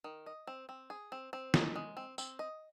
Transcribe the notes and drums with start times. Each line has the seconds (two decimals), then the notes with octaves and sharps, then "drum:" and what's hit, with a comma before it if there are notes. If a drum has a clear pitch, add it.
0.04 D#3
0.26 D#5
0.47 C4
0.69 C4
0.90 G#4
1.12 C4
1.33 C4
1.54 G#3, drum: snare
1.76 G#3
1.97 C4
2.18 C4, drum: tambourine
2.39 D#5